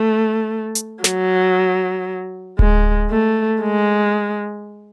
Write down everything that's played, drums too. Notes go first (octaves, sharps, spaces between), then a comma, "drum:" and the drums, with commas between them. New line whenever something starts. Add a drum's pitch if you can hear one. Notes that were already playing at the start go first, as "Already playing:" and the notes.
Already playing: A3
drum: hi-hat
F#3, drum: snare
G#3, drum: kick D1
A3
G#3